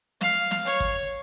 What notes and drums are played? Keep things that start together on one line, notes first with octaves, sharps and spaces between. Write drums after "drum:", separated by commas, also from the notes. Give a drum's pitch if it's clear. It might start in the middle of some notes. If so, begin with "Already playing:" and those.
F5, drum: snare
drum: snare
C#5
drum: kick